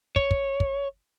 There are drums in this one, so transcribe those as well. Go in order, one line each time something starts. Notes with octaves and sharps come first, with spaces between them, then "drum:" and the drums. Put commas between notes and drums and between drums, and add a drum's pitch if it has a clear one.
C#5, drum: kick
drum: kick
drum: kick